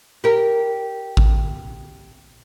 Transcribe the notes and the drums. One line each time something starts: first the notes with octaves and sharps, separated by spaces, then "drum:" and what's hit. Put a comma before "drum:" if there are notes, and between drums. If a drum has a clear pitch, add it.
G4 A#4
drum: kick A1